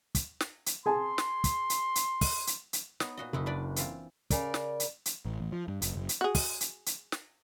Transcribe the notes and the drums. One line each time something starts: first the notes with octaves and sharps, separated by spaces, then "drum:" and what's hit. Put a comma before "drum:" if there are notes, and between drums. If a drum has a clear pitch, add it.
drum: kick, hi-hat
drum: snare
drum: hi-hat
G#4 G#5 A5 C6
drum: snare
drum: kick, hi-hat
drum: hi-hat
drum: hi-hat
drum: kick, open hi-hat
drum: hi-hat
drum: hi-hat
B3 D#4 C#5, drum: snare
A#2 F#4 D#5
F#1 D#4 E4 B4
D4 B4 D5
E3 C4 F4, drum: hi-hat
C#3 A#4 D5, drum: kick, hi-hat
drum: snare
drum: hi-hat
drum: hi-hat
A1
A1
F3
G2
F#1, drum: hi-hat
F#1
drum: hi-hat
F#4 G#4
drum: kick, open hi-hat
drum: hi-hat
drum: hi-hat
drum: snare